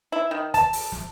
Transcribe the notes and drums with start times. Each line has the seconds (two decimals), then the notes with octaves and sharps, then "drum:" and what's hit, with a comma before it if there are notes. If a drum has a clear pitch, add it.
0.12 E4
0.31 D#3
0.54 A5, drum: kick, hi-hat
0.73 drum: open hi-hat
0.92 drum: snare